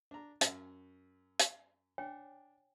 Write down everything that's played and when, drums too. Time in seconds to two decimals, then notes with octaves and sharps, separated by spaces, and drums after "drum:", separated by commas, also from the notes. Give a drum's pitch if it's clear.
0.11 D4 A#5
0.41 F#2, drum: hi-hat
1.39 drum: hi-hat
1.98 D4 C#5 G5 G#5